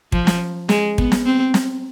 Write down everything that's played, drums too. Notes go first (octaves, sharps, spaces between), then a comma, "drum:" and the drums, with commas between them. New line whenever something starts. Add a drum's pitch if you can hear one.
F3, drum: kick
drum: snare
G#3, drum: snare
B3, drum: kick
drum: snare
C4
drum: snare